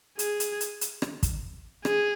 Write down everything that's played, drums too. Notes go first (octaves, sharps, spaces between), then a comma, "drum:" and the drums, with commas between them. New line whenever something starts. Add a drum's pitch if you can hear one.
G#4, drum: hi-hat
drum: hi-hat
drum: hi-hat
drum: hi-hat
drum: rim click
drum: kick, hi-hat
G#4, drum: rim click